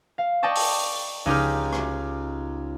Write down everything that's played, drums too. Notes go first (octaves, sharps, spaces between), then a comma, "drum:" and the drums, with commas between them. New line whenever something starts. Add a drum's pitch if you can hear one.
F5
D5 D#5 G5 A5 C#6
drum: open hi-hat
C#2 D#4 G4 F6
drum: rim click